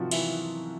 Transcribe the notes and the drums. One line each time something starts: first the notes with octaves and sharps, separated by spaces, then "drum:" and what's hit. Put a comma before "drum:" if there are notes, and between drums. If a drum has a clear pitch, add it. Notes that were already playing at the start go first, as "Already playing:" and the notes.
Already playing: C3 D#3 F3 F#3 F4 F#4
E3 E4, drum: cymbal